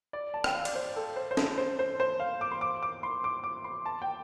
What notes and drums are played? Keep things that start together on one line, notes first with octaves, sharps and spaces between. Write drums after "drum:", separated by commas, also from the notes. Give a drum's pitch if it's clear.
D5
A5
G5, drum: rim click
F5
D5, drum: cymbal
C5
A4
C5
C5
A4, drum: snare
C5
C5
C5
F5
D6
C6
D6
D6
C6
D6
D6
C6
A5
G5